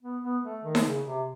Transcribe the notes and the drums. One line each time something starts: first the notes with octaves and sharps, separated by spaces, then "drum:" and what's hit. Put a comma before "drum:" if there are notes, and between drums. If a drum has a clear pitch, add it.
B3
B3
A3
D#3
drum: snare D#4
C#3
C3